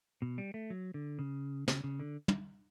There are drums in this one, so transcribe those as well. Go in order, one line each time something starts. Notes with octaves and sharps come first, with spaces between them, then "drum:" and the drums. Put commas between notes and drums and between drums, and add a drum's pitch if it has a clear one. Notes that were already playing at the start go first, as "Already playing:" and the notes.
B2
G3
A3
F#3
D3
C#3
C#3, drum: snare
C#3
D3
drum: tom